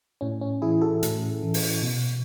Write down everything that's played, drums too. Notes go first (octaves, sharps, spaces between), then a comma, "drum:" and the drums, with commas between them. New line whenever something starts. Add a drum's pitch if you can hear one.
A2 C#4
C#4
E3 E4 G#4
F#4 A4
A2, drum: hi-hat
E3
drum: open hi-hat
B2